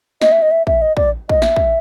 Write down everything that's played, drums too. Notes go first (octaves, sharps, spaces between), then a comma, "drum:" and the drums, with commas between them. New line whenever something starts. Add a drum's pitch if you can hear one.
D#5, drum: snare
E5
D#5
E5
E5, drum: kick
D#5
D5, drum: kick
D#5, drum: kick
E5, drum: snare
drum: kick